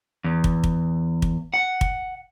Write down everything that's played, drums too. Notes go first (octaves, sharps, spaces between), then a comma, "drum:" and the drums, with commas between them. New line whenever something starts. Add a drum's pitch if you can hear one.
E2
drum: kick
drum: kick
drum: kick
F#5
drum: kick